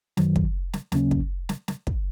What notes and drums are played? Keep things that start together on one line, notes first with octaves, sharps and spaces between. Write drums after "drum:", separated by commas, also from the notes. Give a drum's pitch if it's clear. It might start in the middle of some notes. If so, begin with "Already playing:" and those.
F#2 D#3 F#3, drum: snare
drum: kick
drum: snare
D#2 C#3 F#3 A#3 C#4, drum: snare
drum: kick
drum: snare
drum: snare
drum: kick